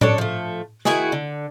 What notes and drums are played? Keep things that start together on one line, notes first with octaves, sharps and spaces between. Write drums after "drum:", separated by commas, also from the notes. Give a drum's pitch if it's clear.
D4 A4 C#5, drum: tom A2
F3 A3
D#3 E4 F#4 G#4, drum: snare
D3